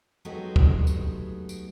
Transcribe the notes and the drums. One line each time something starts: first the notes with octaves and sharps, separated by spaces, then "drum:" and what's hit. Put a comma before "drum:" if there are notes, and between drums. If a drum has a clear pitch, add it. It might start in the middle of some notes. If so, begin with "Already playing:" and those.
F#3 G#3 A3 B3 D#4 G4
drum: kick
drum: tambourine
drum: tambourine